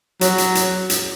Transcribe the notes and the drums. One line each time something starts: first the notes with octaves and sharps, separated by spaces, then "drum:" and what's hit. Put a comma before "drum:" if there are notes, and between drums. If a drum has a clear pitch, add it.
F#3, drum: hi-hat
drum: hi-hat
drum: hi-hat
drum: hi-hat